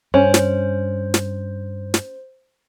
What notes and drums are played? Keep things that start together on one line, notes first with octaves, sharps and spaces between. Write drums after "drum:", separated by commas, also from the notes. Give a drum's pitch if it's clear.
G2 C#4 C5
drum: snare
drum: snare
drum: snare